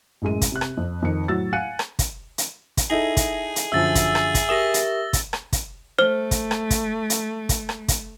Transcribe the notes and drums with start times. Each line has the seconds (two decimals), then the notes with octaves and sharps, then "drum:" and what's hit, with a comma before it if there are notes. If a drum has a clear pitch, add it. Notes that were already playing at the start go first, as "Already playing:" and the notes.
0.22 A1 F#2 G#3 D#7
0.41 drum: kick, hi-hat
0.52 C3 F#6
0.61 drum: rim click
0.77 F2
1.02 F2 D#3 C#7
1.28 A2 F#3 F#4 E6 A6
1.53 F5 F#5 G#5 F#6 C#7 D#7
1.79 drum: rim click
1.99 drum: kick, hi-hat
2.38 drum: hi-hat
2.77 drum: kick, hi-hat
2.90 D#4 E4 G#4 A4 E5 A#6
3.17 drum: kick, hi-hat
3.56 drum: hi-hat
3.72 F#2 D3 F3 E5 E6 A6
3.95 drum: kick, hi-hat
4.15 drum: rim click
4.35 drum: kick, hi-hat
4.49 G4 A#4 E5 D#6 A#6 E7 G7
4.74 drum: hi-hat
5.13 drum: kick, hi-hat
5.33 drum: rim click
5.53 drum: kick, hi-hat
5.99 A3 C5 F6 G7
6.31 drum: kick, hi-hat
6.51 drum: rim click
6.70 drum: kick, hi-hat
7.10 drum: hi-hat
7.49 drum: kick, hi-hat
7.69 drum: rim click
7.88 drum: kick, hi-hat